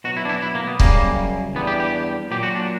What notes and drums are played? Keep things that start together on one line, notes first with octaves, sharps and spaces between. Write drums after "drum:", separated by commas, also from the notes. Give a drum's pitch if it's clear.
B2 F#3 F#4
E4
D4
E4
E4
A#3
B3
F#2 C#3 G3 A#3, drum: kick C#1
E2 D3 G3 B3
G4
G4
A#2 F#3 G4
F#4
D4